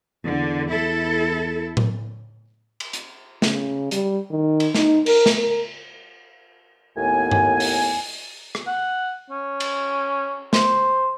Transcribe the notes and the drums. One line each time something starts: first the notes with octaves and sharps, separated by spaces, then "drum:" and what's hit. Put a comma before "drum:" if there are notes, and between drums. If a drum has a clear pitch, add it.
E2 D3
E4 A4
drum: tom A2
drum: cymbal
drum: hi-hat
C#3, drum: snare
G3, drum: hi-hat
D#3
drum: cymbal
D#4, drum: snare
A#4, drum: cymbal
drum: snare
A#4
D#2 A2 B3 G#5
drum: tom G2
drum: open hi-hat
drum: rim click
F#5
C#4
drum: cymbal
C5, drum: snare